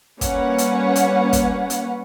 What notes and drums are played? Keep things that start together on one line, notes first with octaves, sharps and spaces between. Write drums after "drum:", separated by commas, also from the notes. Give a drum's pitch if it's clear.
G3 A#3 C#4 B4 C#5 F#5, drum: kick, hi-hat
drum: hi-hat
drum: hi-hat
drum: kick, hi-hat
drum: hi-hat